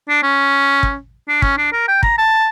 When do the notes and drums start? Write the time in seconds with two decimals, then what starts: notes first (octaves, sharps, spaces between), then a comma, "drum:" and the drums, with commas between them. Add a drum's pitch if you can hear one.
0.08 D4
0.23 C#4
0.83 drum: kick
1.28 D4
1.42 C#4, drum: kick
1.58 D4
1.73 A#4
1.88 G5
2.03 A#5, drum: kick
2.18 A5